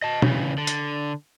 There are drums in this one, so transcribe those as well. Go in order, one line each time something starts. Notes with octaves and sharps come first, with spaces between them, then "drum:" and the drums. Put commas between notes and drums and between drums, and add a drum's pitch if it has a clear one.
D#5 A5
C#3 E3, drum: tom
D3
drum: hi-hat